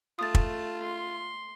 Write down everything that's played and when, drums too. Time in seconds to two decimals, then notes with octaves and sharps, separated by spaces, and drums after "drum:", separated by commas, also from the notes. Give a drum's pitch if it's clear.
0.19 A3 F4 A5 D#6 A6
0.35 drum: kick
0.83 C6